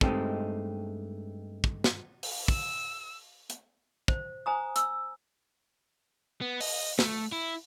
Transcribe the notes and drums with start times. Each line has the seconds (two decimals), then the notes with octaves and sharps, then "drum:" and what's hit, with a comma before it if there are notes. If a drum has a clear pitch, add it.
0.01 G2 G#3 A3 C4 D#4 G4, drum: kick
1.64 drum: kick
1.84 drum: snare
2.23 drum: open hi-hat
2.48 E6, drum: kick
3.50 drum: hi-hat
4.08 C5, drum: kick
4.46 C5 G#5 A#5 D#6
4.76 E6, drum: hi-hat
6.41 B3
6.61 D#5, drum: open hi-hat
6.99 A3, drum: snare
7.32 E4